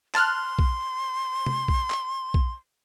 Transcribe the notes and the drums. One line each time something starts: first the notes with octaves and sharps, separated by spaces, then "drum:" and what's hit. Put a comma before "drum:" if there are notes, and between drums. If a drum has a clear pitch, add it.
A5 C6 F6 F#6, drum: clap
drum: kick
drum: tom C3
drum: kick
drum: clap
drum: kick